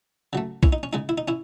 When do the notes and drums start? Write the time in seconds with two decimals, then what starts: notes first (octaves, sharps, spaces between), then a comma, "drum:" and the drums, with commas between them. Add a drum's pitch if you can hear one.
0.33 C#3 F#3 A3
0.63 C#4 E4, drum: kick B1
0.73 D#4
0.83 C#4
0.93 C#3 G#3 D#4
1.09 E4
1.18 D#4
1.28 C#4 E4